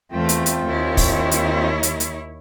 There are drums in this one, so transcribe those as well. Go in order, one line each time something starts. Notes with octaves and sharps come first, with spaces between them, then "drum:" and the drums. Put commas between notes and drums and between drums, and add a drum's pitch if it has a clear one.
E2 A3 C4 F4 G5
drum: hi-hat
drum: hi-hat
D#2 E4 C#5
drum: kick, open hi-hat
drum: hi-hat
drum: hi-hat
drum: hi-hat